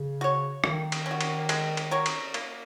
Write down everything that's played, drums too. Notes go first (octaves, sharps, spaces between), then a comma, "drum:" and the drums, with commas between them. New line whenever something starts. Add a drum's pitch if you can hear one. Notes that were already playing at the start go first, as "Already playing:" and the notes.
Already playing: C#3
F#4 C#5
D#3 A#3, drum: rim click
drum: cymbal
C#4
F#4
drum: cymbal
G#3, drum: cymbal
drum: cymbal
F#4 A#4 C#5
drum: cymbal
A#3, drum: cymbal